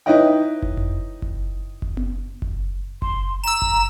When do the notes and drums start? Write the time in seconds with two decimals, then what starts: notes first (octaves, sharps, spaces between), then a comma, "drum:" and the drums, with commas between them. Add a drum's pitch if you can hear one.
0.06 D#4 E4 B4 C#5 D#5 G5
0.62 drum: kick F#1
0.77 drum: tom F2
1.22 drum: kick F#1
1.82 drum: kick F#1
1.97 drum: tom B3
2.42 drum: kick F#1
3.02 C6, drum: kick F#1
3.44 A#5 E6 E7
3.62 drum: kick F#1